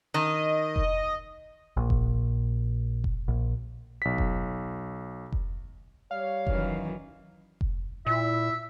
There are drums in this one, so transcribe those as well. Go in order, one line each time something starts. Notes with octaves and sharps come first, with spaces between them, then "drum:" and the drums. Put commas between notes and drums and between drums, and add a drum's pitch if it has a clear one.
D#3 D#5
drum: kick F1
A#1
drum: kick F1
drum: kick F1
A#1
B1 B6
drum: kick F1
drum: kick F1
G3 C#5 F5
F#2 D#3 E3, drum: kick F1
drum: kick F1
A#2 E4 E5